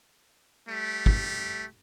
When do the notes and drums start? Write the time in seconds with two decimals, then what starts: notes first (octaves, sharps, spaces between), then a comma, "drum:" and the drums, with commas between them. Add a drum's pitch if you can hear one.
0.69 G3 A3 G4
1.06 drum: kick